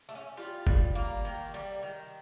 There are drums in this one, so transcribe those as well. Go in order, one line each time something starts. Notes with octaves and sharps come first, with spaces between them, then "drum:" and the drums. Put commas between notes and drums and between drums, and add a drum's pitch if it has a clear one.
A3
C#4
G3 F4
G3, drum: kick F#1
A#3
D#3
G3
D#3